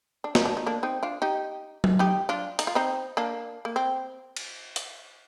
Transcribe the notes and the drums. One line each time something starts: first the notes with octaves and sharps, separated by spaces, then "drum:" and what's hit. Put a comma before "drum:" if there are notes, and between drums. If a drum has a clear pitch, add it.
D4
D#4, drum: snare
D4
D#4
A#3 D4
C4 D#4
D4 F4
D#4 G4
drum: tom F#3
D#4 G4
D4 F4
D#4, drum: hi-hat
F4
C4 D#4
A#3 D4
A#3
C4
drum: cymbal
drum: hi-hat